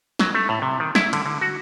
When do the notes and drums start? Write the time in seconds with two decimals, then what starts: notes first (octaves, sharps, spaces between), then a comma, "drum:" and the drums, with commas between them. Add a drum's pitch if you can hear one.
0.19 F#3, drum: snare
0.35 A3
0.49 A2
0.62 C3
0.80 D#3
0.95 E4, drum: snare
1.13 D3, drum: cymbal
1.26 D3
1.41 F#4